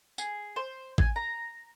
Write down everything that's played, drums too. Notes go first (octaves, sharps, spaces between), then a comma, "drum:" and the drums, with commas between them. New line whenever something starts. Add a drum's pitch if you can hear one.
G#4, drum: tambourine
C5
G#5, drum: kick A1
A#5